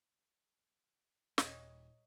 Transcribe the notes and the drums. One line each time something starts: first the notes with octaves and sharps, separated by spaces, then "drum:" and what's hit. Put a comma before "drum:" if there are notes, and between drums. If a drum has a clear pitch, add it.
D#1 C#5 D#5, drum: snare